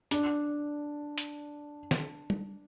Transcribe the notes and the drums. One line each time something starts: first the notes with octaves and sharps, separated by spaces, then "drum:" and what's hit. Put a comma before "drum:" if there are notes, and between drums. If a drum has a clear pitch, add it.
D4, drum: hi-hat
drum: hi-hat
drum: snare
drum: tom